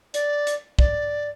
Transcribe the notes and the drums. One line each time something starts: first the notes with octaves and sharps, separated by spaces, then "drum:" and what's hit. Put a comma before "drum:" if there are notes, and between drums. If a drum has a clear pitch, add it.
D5, drum: hi-hat
drum: hi-hat
D5, drum: kick